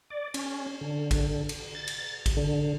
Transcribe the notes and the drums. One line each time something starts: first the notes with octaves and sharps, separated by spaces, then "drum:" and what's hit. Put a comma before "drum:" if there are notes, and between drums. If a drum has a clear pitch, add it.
D5
C#4, drum: cymbal
D3
drum: kick, cymbal
drum: cymbal
A6
drum: cymbal
drum: kick, cymbal
D3